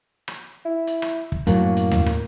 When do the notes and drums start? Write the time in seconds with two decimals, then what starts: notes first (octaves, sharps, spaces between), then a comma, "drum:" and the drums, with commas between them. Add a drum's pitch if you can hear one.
0.28 drum: rim click
0.65 E4
0.87 drum: hi-hat
1.02 drum: rim click
1.32 drum: kick
1.47 F#2 A2 F#3 A#3, drum: hi-hat
1.77 drum: hi-hat
1.91 drum: tom D#2
2.06 drum: rim click